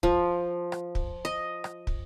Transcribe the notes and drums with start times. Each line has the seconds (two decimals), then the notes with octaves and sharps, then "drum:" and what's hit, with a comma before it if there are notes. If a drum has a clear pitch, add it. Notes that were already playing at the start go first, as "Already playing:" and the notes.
0.03 F3, drum: kick
0.72 drum: rim click
0.95 drum: kick
1.25 D#5
1.64 drum: rim click
1.87 drum: kick